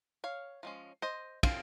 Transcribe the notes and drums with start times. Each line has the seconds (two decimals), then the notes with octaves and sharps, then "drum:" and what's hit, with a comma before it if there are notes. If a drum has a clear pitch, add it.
0.24 C#5 F5
0.63 F3 G#3 C#4
1.02 C5 D#5
1.43 F3 C4 F5, drum: kick, cymbal